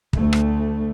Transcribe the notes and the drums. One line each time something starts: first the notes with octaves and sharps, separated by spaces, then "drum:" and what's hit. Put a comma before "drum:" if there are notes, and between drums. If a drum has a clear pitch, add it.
D2 A3, drum: kick
drum: rim click